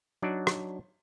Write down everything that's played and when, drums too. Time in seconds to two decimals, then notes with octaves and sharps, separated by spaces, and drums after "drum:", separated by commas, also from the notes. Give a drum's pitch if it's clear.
0.22 F#3 D4 D#4 D5
0.47 drum: rim click